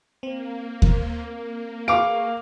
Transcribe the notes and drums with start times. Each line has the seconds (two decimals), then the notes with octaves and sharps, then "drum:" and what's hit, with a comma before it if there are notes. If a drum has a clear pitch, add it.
0.23 A#3 C4
0.82 drum: kick D#2
1.88 G#4 B4 F5 C#6 D6 D7